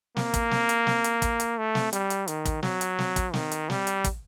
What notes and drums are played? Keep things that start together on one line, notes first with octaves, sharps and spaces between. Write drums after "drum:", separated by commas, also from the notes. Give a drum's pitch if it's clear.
A#3, drum: snare
drum: kick, hi-hat
drum: snare
drum: hi-hat
drum: snare
drum: hi-hat
drum: kick, hi-hat
drum: hi-hat
A3
drum: snare
G3, drum: hi-hat
drum: hi-hat
D#3, drum: hi-hat
drum: kick, hi-hat
F#3, drum: snare
drum: hi-hat
drum: snare
drum: kick, hi-hat
D#3, drum: snare
drum: hi-hat
G3, drum: snare
drum: hi-hat
drum: kick, hi-hat